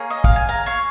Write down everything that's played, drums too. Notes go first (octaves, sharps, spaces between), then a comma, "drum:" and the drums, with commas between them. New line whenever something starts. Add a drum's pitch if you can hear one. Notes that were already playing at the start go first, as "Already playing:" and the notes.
Already playing: A#3 C#4 G#4
D#5
F5, drum: kick
G#5
F5 A#5
C#5 F5